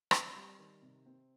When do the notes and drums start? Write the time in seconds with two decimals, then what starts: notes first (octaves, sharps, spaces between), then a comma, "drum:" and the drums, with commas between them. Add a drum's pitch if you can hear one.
0.11 C4, drum: rim click
0.35 G3
0.58 D#3
0.82 C3
1.06 C4